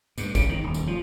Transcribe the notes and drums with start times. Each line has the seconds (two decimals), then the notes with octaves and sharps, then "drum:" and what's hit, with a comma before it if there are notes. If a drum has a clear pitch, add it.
0.18 G2, drum: tambourine
0.35 C#3, drum: kick, tambourine
0.49 D#3
0.64 D#1
0.74 drum: tambourine
0.87 F3